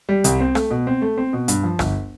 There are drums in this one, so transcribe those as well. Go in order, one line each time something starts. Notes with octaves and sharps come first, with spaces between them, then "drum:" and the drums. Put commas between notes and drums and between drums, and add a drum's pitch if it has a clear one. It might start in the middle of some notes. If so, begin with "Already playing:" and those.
G3
C2, drum: hi-hat
C4
A3, drum: rim click
B2
C4
A3
C4
B2
G2, drum: hi-hat
F3
G1, drum: rim click